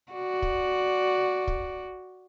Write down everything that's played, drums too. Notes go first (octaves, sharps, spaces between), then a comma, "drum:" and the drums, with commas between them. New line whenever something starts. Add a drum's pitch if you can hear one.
F#4 D5
drum: kick
drum: kick